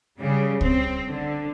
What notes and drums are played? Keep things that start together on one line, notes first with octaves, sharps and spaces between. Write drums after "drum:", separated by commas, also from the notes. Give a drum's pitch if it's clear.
C#3 G3
C4, drum: kick C#2
D3